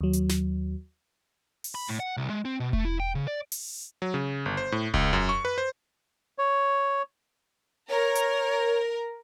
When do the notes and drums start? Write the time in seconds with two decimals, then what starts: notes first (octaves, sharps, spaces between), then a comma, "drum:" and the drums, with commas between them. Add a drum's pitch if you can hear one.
0.01 D#2 F#3
0.13 drum: hi-hat
0.29 drum: snare
1.64 drum: open hi-hat
1.75 B5
1.88 A2
2.00 F#5
2.17 C2
2.30 G#3
2.45 C4
2.60 B2
2.73 A3, drum: kick E1
2.85 E4
3.00 G5
3.15 C#3
3.28 D5
3.52 drum: open hi-hat
4.02 F#3
4.14 C#3
4.46 G1
4.57 C5
4.72 A2
4.94 C#2, drum: kick E1
5.13 F#2
5.29 C#6
5.45 B4
5.58 C5
6.38 C#5
7.89 A#4 C#5
8.15 drum: hi-hat